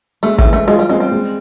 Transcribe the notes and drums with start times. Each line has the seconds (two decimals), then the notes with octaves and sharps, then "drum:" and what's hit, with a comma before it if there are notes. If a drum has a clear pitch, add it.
0.23 G#3 A3
0.38 A3, drum: kick
0.45 E3
0.53 A3
0.68 G#3 F4
0.79 G3
0.89 G#3 C4
1.00 G3
1.11 G#3